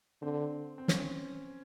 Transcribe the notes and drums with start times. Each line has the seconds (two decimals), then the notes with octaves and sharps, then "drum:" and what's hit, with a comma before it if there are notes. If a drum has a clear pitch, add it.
0.22 D3 C4
0.78 C4
0.88 C#4, drum: snare